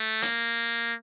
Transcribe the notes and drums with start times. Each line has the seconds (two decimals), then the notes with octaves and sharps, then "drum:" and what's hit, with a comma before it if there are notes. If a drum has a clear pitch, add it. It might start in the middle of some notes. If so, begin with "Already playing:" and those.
Already playing: A3
0.22 A#3, drum: hi-hat